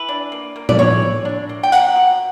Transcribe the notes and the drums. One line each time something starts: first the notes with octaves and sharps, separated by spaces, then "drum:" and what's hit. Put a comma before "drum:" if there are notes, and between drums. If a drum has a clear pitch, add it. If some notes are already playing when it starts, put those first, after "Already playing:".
Already playing: E3 B4
D4
A#3
A#3
D5, drum: tom
E3 C#5
E3
D4
A#3
G5
A#3 F#5, drum: hi-hat
B2